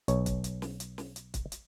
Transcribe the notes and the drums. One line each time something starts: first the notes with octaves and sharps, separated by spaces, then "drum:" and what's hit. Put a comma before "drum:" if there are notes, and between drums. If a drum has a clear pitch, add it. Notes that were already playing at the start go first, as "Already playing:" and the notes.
B1 C#5, drum: hi-hat
drum: kick, hi-hat
drum: hi-hat
drum: snare
drum: hi-hat
drum: snare
drum: hi-hat
drum: kick, hi-hat
drum: hi-hat